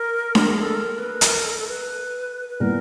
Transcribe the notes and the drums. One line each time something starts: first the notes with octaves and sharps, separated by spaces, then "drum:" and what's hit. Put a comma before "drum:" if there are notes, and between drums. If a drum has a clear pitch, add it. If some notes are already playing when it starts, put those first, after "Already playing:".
Already playing: A#4
drum: snare D4
G#4
A4
A#4
B4
A#4, drum: hi-hat
A4
A#4
A4
B4
B4
A#2 G3 B3 E4 A#4